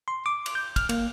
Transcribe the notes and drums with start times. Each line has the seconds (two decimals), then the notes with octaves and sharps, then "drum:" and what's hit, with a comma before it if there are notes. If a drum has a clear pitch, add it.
0.08 C6
0.26 D6
0.46 drum: cymbal
0.55 G6
0.76 F6, drum: kick, cymbal
0.89 A#3, drum: cymbal